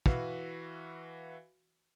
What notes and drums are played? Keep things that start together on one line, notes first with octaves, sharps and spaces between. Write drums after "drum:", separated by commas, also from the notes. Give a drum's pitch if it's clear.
E3 F#4 B4 E5 F5, drum: kick